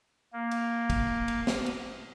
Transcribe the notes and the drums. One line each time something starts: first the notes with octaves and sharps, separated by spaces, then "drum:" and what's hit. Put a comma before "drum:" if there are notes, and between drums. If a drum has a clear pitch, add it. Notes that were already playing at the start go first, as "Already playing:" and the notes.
A#3
drum: cymbal
drum: kick, cymbal
drum: cymbal
drum: snare
drum: cymbal